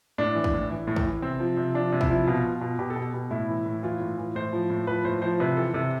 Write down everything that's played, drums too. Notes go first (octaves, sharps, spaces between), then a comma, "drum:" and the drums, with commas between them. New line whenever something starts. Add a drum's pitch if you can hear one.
A2 D4
E3
drum: kick
A2
E3
A2
drum: kick
E3
C3 C4
F3
C3
F3 D4
C3
E4, drum: kick
F3
B2 F4
B2
B2
B2 G4
A4
B2
G4
B2
A2 E4
E3
A2
E3 F4
A2
E3
A2 C5
F3
A2
F3 B4
A2 C5
F3 C5
C3 B4
E3 A4
C3 A4